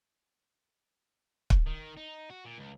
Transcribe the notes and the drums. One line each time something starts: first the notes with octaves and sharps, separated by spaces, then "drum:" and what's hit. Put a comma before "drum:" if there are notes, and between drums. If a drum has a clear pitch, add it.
drum: kick
D#3
D#4
F#4
A#2
C#2